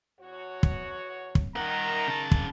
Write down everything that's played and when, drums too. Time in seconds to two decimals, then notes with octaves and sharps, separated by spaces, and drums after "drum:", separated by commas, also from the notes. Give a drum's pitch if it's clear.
0.19 E2 F#4 C#5
0.63 drum: kick
1.35 drum: kick
1.56 D#3 A#4 F#5 A#5
2.07 C#3 A5
2.31 drum: kick